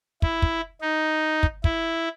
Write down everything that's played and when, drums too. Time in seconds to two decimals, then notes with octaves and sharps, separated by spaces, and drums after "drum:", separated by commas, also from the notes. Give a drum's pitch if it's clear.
0.22 E4, drum: kick
0.42 drum: kick
0.81 D#4
1.43 drum: kick
1.64 E4, drum: kick